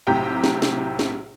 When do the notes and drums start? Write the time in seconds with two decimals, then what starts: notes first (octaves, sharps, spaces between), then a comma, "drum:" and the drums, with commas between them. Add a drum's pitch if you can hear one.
0.07 B1 A2 C3 G4 G5 A#5
0.44 drum: snare
0.62 drum: snare
0.99 drum: snare